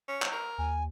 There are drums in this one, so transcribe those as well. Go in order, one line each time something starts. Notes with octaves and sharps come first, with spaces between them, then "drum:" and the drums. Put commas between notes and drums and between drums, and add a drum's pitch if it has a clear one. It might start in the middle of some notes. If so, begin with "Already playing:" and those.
C#4
drum: clap
A#4
D#2 G#5